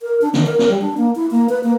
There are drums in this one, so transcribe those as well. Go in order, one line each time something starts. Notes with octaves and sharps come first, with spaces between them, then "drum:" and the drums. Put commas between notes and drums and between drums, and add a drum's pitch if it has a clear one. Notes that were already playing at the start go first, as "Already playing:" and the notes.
A#4
D4
D#3, drum: snare
A#4
drum: snare
G3
D4
A#3
E4
A#3
B4
A#3